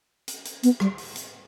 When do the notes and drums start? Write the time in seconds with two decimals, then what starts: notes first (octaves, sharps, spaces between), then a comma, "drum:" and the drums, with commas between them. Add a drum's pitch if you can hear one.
0.28 drum: hi-hat
0.45 drum: hi-hat
0.63 B3, drum: hi-hat
0.80 G3, drum: rim click
0.98 drum: open hi-hat
1.16 drum: hi-hat